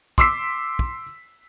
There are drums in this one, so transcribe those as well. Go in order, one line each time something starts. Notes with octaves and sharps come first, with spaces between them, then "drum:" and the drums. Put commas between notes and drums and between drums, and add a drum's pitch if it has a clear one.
C6 D6 E6 B6 C7, drum: kick
drum: kick